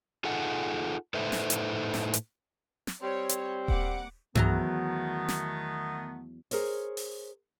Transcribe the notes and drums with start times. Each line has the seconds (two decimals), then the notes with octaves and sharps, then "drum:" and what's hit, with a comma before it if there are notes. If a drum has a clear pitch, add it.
0.24 D#4 F4 G#4 A4 F#5
1.14 A2 D#4 A4 B4 C5 E5
1.32 drum: snare
1.50 drum: hi-hat
1.94 drum: snare
2.14 drum: hi-hat
2.87 drum: snare
3.02 G3 C4 C#5
3.29 drum: hi-hat
3.68 A#3 F#5 D6, drum: kick D#1
4.35 E2 D#3 F#3 A3 B3 A#5, drum: tom G2
5.28 drum: snare
6.51 G#4 A#4 C5 C#5, drum: open hi-hat
6.97 drum: open hi-hat